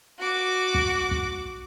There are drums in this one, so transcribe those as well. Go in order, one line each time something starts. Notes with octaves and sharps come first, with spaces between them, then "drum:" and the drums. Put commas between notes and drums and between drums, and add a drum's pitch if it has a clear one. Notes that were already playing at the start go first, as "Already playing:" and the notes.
F#4 D6
drum: kick
drum: kick